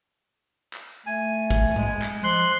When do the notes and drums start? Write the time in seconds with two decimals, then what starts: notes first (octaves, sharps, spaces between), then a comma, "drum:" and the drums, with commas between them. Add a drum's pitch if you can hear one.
0.73 drum: clap
1.06 A3 G#5
1.50 drum: kick
1.76 G#3, drum: tom G#2
2.02 drum: clap
2.24 F3 C6 F#6